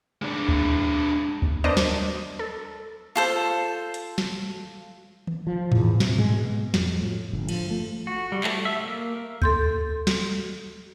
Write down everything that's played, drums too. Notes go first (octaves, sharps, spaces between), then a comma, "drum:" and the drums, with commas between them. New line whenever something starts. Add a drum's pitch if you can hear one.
G#3 D4
drum: kick D2
drum: kick D2
B3 D4 A#4 C5 D5 D#5
drum: snare
A4
F4 A4 C5
drum: hi-hat
drum: snare
drum: tom D#3
F3
E2, drum: tom G#2
C3, drum: snare
G#3, drum: tom G#2
B2
F2, drum: snare
A2
G1
F3, drum: cymbal
A3
F#4
G3
A3, drum: clap
E5
A#3
A4 C6 G6, drum: kick D2
drum: snare